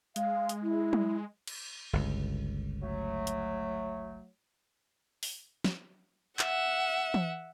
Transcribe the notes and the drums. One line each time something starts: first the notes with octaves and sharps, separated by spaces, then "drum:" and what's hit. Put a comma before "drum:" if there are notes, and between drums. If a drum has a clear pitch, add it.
G#3 F5, drum: hi-hat
drum: hi-hat
E4
drum: tom F#3
drum: cymbal
G1 C#2
F#3 A3
drum: hi-hat
drum: open hi-hat
drum: snare
E5 F#5, drum: clap
drum: tom E3